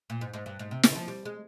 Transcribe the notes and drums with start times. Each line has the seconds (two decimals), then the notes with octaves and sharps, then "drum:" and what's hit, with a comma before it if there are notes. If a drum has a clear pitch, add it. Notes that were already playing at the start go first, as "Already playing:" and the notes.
0.10 A#2
0.21 G#2
0.34 G#2
0.46 G2
0.59 G#2
0.71 C3
0.83 C#3, drum: snare
0.91 D#3
0.96 F3
1.08 G3
1.25 G#3